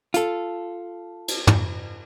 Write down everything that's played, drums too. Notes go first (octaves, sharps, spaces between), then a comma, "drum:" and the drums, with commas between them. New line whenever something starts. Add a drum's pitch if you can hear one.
F4 A4, drum: hi-hat
drum: cymbal
drum: tom